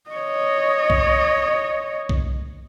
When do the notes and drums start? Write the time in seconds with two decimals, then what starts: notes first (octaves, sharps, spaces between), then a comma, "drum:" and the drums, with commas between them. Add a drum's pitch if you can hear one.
0.10 C#5 D#5
0.90 drum: kick
2.09 drum: kick